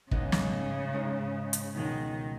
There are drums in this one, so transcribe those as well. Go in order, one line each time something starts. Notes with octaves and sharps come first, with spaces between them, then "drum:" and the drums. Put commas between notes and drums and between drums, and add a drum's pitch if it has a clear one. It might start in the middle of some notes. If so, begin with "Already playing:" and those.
G#2 C#3 G#3 B3 D#4, drum: kick
drum: snare
G#2 G#3 D#4
drum: hi-hat
C#2 B2 D#3 G#3